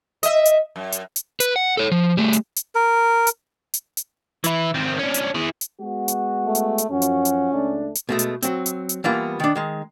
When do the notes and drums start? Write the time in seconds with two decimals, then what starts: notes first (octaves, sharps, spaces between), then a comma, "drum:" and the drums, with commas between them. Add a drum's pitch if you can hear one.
0.23 D#5 E5, drum: hi-hat
0.45 drum: hi-hat
0.76 F#2
0.92 drum: hi-hat
1.16 drum: hi-hat
1.40 B4, drum: hi-hat
1.56 F#5
1.77 A4 C#5
1.92 F3
2.17 G3 A3
2.33 drum: hi-hat
2.56 drum: hi-hat
2.75 A#4
3.27 drum: hi-hat
3.74 drum: hi-hat
3.97 drum: hi-hat
4.44 E3 E4, drum: hi-hat
4.74 D#3 C4
4.99 C#4 D4
5.14 drum: hi-hat
5.35 E4 G#4
5.61 drum: hi-hat
5.81 G#3 B3 F#4
6.08 drum: hi-hat
6.46 A3
6.55 drum: hi-hat
6.78 drum: hi-hat
6.90 F#2 F3 C#4 F#4
7.02 drum: hi-hat
7.25 drum: hi-hat
7.52 C#2 A3 D4
7.95 drum: hi-hat
8.09 B2 G#3 A3
8.19 drum: hi-hat
8.42 F#3 C4, drum: hi-hat
8.66 drum: hi-hat
8.89 drum: hi-hat
9.04 E3 G3 A#3 B3 F4
9.40 D#3 D4
9.55 D#3 G#3